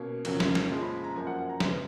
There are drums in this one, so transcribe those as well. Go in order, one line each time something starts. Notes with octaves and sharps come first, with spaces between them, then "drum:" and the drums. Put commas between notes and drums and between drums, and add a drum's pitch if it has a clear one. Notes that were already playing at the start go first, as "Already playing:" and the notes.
Already playing: B2 A#3 C#4
F2 C#3 F#3 A#3 C#4, drum: cymbal
drum: snare
drum: snare
A#2 F3 G#3 C#4
B5
A#5
F#2 F3 A#3 C#4 G#5
F#5
F#5
A#5
F#2 C#3 G#3 B3, drum: snare